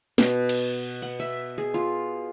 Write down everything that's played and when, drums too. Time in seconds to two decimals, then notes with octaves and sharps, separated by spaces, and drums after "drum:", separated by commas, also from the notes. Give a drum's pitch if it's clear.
0.18 B2, drum: snare
0.49 drum: cymbal
1.02 F#5
1.20 E5
1.58 G#4
1.74 F4